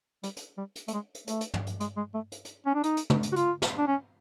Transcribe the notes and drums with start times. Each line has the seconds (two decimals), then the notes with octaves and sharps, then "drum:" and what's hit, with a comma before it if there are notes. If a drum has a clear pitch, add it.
0.23 G3, drum: hi-hat
0.36 drum: hi-hat
0.58 G3
0.76 drum: hi-hat
0.88 A3, drum: hi-hat
0.93 G#3
1.15 drum: hi-hat
1.27 A3, drum: hi-hat
1.41 drum: hi-hat
1.54 drum: tom
1.67 drum: hi-hat
1.80 G#3, drum: hi-hat
1.97 G#3
2.14 A3
2.32 drum: hi-hat
2.45 drum: hi-hat
2.66 C#4
2.75 D4
2.83 D#4, drum: hi-hat
2.97 drum: hi-hat
3.10 drum: tom
3.23 drum: hi-hat
3.32 F#4
3.36 F4, drum: hi-hat
3.62 drum: snare
3.78 D4
3.87 C#4